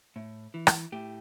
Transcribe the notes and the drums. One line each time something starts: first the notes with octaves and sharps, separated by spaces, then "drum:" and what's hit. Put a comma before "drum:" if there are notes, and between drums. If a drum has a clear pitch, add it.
A2
E3
drum: rim click
A2 G4